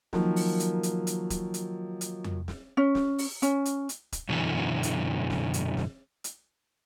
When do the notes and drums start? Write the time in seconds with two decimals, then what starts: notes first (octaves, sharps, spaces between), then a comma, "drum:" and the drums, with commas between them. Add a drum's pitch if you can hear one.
0.13 D#3 F3 F#3 A#3, drum: snare
0.36 drum: open hi-hat
0.60 drum: hi-hat
0.83 drum: hi-hat
1.07 drum: hi-hat
1.30 drum: kick, hi-hat
1.54 drum: hi-hat
2.01 drum: hi-hat
2.24 drum: tom F2
2.48 drum: snare
2.77 C#4
2.95 drum: snare
3.18 drum: open hi-hat
3.42 C#4, drum: hi-hat
3.65 drum: hi-hat
3.89 drum: hi-hat
4.12 drum: kick, hi-hat
4.29 F#2 B2 D3 E3
4.83 drum: hi-hat
5.30 drum: snare
5.54 drum: hi-hat
5.77 drum: snare
6.24 drum: hi-hat